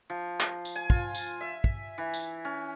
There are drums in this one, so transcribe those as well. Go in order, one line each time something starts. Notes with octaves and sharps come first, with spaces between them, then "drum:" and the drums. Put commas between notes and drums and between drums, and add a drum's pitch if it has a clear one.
F3
drum: clap
drum: tambourine
G#5
F4, drum: kick
drum: tambourine
E5
drum: kick
E3
drum: tambourine
C#4